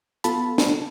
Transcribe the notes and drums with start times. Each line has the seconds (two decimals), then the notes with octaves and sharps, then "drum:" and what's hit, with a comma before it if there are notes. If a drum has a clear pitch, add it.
0.24 B3 F4 A4 A5 B5, drum: hi-hat
0.58 drum: snare